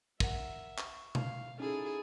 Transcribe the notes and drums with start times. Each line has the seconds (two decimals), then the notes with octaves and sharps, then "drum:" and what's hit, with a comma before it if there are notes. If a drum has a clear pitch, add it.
0.20 A#4 E5 F#5, drum: kick
0.78 C#6, drum: clap
1.15 F5, drum: tom B2
1.60 C#4 D#4 E4 G#4 A4